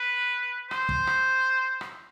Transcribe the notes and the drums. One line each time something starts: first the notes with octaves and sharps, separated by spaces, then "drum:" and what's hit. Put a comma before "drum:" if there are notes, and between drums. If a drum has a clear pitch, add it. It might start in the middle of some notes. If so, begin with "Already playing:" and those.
Already playing: B4
C5, drum: rim click
drum: kick
drum: rim click
drum: rim click